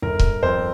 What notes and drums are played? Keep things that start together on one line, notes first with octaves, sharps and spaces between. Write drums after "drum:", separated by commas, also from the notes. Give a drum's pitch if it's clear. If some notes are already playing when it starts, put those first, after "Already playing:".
G1 A#4
drum: kick C#1
F2 C5